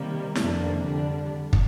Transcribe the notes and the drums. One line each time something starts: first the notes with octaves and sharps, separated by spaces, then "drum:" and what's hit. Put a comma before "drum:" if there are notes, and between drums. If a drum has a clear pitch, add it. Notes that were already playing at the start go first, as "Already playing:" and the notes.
Already playing: C3 D#3 G3 A#3
F2 C3 D#3 A#3 D4, drum: snare
F2 D3 G3 D4
drum: kick